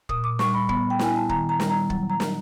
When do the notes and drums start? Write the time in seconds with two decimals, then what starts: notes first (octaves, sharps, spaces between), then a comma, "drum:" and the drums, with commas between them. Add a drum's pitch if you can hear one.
0.09 A#2 D#6, drum: kick
0.24 D6
0.39 G3 C#6, drum: snare
0.54 B5
0.69 B3 B5, drum: kick
0.90 G5
0.99 E4 G#5, drum: snare
1.16 A5
1.29 D#3 A#5, drum: kick
1.49 A#5
1.60 G3, drum: snare
1.70 A#5
1.90 F#3, drum: kick
2.10 A#5
2.20 drum: snare